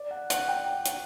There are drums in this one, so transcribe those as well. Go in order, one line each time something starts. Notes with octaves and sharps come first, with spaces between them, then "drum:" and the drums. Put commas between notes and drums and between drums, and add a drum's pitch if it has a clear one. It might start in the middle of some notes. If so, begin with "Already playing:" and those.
Already playing: D5
F#5
F#5, drum: hi-hat
G5
drum: hi-hat